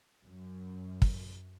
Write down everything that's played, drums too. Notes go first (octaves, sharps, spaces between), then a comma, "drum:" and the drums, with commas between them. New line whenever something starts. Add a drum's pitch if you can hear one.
F#2
drum: kick